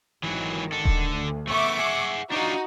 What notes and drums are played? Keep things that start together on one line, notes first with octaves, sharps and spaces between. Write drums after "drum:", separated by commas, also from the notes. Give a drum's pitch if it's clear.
G#1 D#3 E3 F#3
D3 A4
drum: kick D#1
D2
A3 B3 E5 C#6 D6
G#4 F#5
D4 D#4 F4 F#4